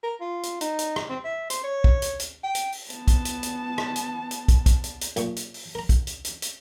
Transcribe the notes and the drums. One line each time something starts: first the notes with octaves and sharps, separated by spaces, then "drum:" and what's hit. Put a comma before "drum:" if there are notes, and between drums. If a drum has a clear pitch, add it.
A#4
F4
drum: hi-hat
D#4, drum: hi-hat
drum: hi-hat
drum: rim click
C4
E5
C5, drum: hi-hat
C#5
drum: kick
drum: hi-hat
drum: hi-hat
G5
drum: hi-hat
drum: open hi-hat
B3 A5, drum: hi-hat
drum: kick, hi-hat
drum: hi-hat
drum: hi-hat
drum: rim click
drum: hi-hat
drum: hi-hat
drum: kick, hi-hat
drum: kick, hi-hat
drum: hi-hat
drum: hi-hat
B1 A#2 C#6, drum: hi-hat
drum: hi-hat
drum: open hi-hat
A#4 A#5
drum: kick, hi-hat
drum: hi-hat
drum: hi-hat
drum: hi-hat